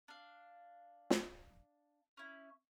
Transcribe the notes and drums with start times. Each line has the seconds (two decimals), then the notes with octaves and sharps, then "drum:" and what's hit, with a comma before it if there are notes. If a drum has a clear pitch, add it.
0.08 D4 F5
1.10 drum: snare
2.17 C#4 E4